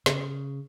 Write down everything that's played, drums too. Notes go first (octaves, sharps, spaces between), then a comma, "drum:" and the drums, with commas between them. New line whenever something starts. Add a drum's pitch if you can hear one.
C#3, drum: snare